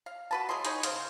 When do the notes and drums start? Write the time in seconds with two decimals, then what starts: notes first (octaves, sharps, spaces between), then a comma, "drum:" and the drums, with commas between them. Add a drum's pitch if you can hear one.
0.06 F5
0.31 F#4 B4 A5
0.49 F#3 G#3 G#4 C6
0.65 D#4 G#4 B4 C#5, drum: hi-hat
0.83 C#3 C5, drum: hi-hat